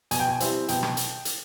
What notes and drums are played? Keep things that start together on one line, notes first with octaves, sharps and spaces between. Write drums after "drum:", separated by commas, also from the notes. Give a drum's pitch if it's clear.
B2 G#5, drum: hi-hat
G5
G#5
G3 C4 E4, drum: hi-hat
B2 G5, drum: hi-hat
drum: rim click
drum: hi-hat
drum: hi-hat